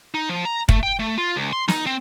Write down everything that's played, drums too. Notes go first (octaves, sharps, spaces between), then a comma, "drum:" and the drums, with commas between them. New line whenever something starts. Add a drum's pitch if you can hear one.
D#4
F3
A#5
A3, drum: kick
G5
A3
F4
C#2
C6
D#4, drum: snare
C4